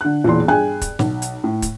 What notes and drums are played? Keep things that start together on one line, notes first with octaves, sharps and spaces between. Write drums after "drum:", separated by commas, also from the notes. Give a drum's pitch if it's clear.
D3 F#6
E1 A#2 E3 C6
G2 G#4 G5 G#5 F#6
drum: kick, hi-hat
B1, drum: snare
drum: hi-hat
A2
drum: kick, hi-hat